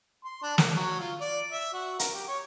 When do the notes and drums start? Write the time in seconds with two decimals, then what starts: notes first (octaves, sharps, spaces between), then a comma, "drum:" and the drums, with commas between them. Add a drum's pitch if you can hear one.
0.25 C6
0.42 D4
0.58 A#3, drum: snare
0.76 F#3
1.00 F4
1.21 D5
1.53 E5
1.73 F#4
1.99 A#4, drum: hi-hat
2.14 G4
2.28 C#5